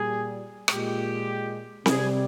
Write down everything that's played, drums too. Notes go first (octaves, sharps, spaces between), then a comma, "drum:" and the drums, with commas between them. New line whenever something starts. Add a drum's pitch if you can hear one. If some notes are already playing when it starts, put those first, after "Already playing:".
Already playing: A#2 G3 G#4
A#2 G#3 G4, drum: rim click
C3 G3 G#4, drum: snare C4